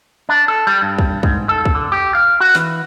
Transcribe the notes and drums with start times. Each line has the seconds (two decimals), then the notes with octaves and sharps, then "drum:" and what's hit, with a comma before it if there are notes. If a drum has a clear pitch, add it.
0.29 D4
0.48 A4
0.67 G3
0.82 G2
0.98 drum: kick
1.23 G#2, drum: kick
1.49 A4
1.65 drum: kick
1.75 D3
1.92 G4
2.15 F5
2.40 F#4
2.55 E3, drum: snare